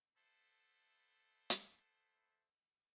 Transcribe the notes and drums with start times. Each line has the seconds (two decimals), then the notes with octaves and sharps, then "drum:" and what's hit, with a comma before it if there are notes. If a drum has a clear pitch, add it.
0.17 A3 B3 E4 A4 C5
1.50 drum: hi-hat